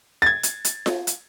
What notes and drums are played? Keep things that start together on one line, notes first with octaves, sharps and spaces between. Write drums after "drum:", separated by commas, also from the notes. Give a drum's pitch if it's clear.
G#6 A6
drum: hi-hat
drum: hi-hat
drum: snare F4
drum: hi-hat